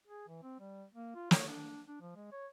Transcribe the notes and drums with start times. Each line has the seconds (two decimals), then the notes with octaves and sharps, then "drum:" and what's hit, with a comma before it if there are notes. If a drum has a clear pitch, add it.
0.07 G#4
0.28 E3
0.43 C4
0.60 G3
0.94 A#3
1.15 F4
1.31 C#5, drum: snare
1.49 D4
1.88 D4
2.01 F3
2.16 G#3
2.32 C#5